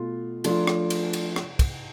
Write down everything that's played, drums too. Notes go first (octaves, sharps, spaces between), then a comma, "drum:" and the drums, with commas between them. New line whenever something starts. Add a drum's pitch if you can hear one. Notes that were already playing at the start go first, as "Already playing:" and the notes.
Already playing: B2 A3 F4
F3 A3 D4 F4, drum: cymbal
drum: rim click
drum: cymbal
drum: cymbal
drum: rim click
drum: kick, cymbal